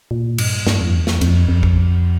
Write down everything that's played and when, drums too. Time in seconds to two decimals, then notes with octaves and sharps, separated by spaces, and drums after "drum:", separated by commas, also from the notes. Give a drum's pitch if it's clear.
0.11 A#2
0.38 G2, drum: cymbal
0.67 G2, drum: snare
0.80 F2
0.94 E2
1.07 F2, drum: snare
1.21 F2, drum: cymbal
1.48 F2
1.63 drum: kick